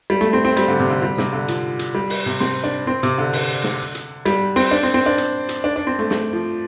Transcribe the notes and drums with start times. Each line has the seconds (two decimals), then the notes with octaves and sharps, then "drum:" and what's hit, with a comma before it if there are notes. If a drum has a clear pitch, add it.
0.10 G3
0.21 A3
0.33 C4
0.45 C4
0.57 G3, drum: hi-hat
0.68 D3
0.80 C3
0.90 D3
1.02 G3
1.18 C3, drum: snare
1.33 D3
1.48 F3, drum: hi-hat
1.79 drum: hi-hat
1.95 G3
2.10 drum: open hi-hat
2.26 C3
2.40 C4, drum: snare
2.64 D4
2.87 C4
3.03 C3, drum: hi-hat
3.18 D3
3.33 drum: open hi-hat
3.64 drum: snare
3.95 drum: hi-hat
4.25 G3, drum: hi-hat
4.56 C4, drum: open hi-hat
4.71 D4
4.83 C4
4.94 C4
5.06 D4
5.18 drum: hi-hat
5.49 drum: hi-hat
5.64 D4
5.76 D4
5.87 C4
5.99 A3
6.10 A3, drum: snare
6.33 F3